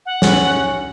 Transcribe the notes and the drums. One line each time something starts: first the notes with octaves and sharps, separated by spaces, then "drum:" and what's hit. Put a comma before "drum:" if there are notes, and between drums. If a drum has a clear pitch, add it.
F#5
C#4, drum: snare